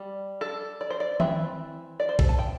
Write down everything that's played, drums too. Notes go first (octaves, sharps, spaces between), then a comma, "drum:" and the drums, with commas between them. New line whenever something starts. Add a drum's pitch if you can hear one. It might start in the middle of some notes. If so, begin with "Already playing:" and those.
Already playing: G3
A4
D5
C5
D5
E3 C4 E5, drum: tom D#3
D5
C5
A4, drum: kick
A5
G5